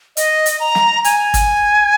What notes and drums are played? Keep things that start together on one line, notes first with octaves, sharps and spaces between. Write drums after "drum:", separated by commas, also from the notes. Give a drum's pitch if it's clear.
D#5, drum: hi-hat
drum: hi-hat
A#5
drum: snare
G#5, drum: hi-hat
drum: kick, hi-hat